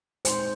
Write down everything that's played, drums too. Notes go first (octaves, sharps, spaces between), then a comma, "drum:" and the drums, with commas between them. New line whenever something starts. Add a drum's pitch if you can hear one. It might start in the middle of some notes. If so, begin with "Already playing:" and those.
A#2 G#3 D#4 C5, drum: hi-hat